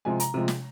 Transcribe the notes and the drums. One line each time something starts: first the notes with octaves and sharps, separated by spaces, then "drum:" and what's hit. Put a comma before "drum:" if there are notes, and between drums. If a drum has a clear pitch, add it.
C3 F3 G#3 G#5
A#5, drum: hi-hat
C3 F3 G#3
drum: snare